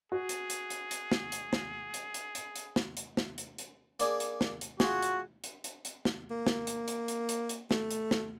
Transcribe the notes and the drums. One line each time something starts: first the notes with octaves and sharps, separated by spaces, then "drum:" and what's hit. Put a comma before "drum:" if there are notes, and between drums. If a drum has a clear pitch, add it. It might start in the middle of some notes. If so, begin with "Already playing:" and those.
F#4 G#4
drum: hi-hat
drum: hi-hat
drum: hi-hat
drum: hi-hat
drum: snare
drum: hi-hat
drum: snare
drum: hi-hat
drum: hi-hat
drum: hi-hat
drum: hi-hat
drum: snare
drum: hi-hat
drum: snare
drum: hi-hat
drum: hi-hat
A#3 D4 G#4, drum: hi-hat
drum: hi-hat
drum: snare
drum: hi-hat
F4 F#4 G#4, drum: snare
drum: hi-hat
drum: hi-hat
drum: hi-hat
drum: hi-hat
drum: snare
A#3
drum: snare
drum: hi-hat
drum: hi-hat
drum: hi-hat
drum: hi-hat
drum: hi-hat
A3, drum: snare
drum: hi-hat
drum: snare